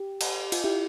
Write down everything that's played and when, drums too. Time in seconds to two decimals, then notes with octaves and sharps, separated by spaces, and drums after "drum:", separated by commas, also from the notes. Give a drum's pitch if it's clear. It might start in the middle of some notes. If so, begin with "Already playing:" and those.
Already playing: G4
0.21 drum: cymbal
0.52 F4, drum: cymbal
0.64 E4 G4